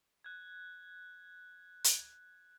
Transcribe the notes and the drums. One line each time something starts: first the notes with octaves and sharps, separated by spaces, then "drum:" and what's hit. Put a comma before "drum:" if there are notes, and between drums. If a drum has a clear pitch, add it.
F#6 G#6
drum: hi-hat